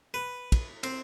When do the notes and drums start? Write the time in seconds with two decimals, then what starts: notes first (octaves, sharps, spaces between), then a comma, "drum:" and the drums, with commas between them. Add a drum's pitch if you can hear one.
0.14 B4
0.52 drum: kick, cymbal
0.83 C4, drum: cymbal